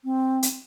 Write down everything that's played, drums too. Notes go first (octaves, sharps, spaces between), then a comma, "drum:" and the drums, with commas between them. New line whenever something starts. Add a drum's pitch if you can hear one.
C4
drum: hi-hat